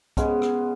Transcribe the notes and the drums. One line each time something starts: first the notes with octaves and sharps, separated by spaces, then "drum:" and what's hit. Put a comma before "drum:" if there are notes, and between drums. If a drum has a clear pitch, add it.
C#3 G#3 B3, drum: kick, hi-hat
drum: rim click